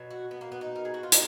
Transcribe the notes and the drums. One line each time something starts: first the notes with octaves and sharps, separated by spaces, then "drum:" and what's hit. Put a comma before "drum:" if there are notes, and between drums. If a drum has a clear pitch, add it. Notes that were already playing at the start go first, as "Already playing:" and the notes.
Already playing: B2 F#3
F#4
B3
A#3
B3
D#4
A#4
G#4
F#4
F4
D#4, drum: hi-hat